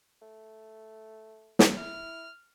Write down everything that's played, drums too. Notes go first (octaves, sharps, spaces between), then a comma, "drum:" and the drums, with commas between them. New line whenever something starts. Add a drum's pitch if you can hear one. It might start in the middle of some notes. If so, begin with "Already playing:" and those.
A3
drum: snare
E4 F6